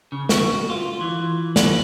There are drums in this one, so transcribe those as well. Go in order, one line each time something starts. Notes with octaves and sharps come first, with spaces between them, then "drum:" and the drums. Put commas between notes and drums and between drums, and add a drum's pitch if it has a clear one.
C#3
F#4, drum: snare
F4
E3
B4, drum: snare